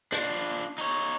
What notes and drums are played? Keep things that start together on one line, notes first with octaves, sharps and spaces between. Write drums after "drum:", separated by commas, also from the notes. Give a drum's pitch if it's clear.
D4 F4, drum: hi-hat
D#4 C#5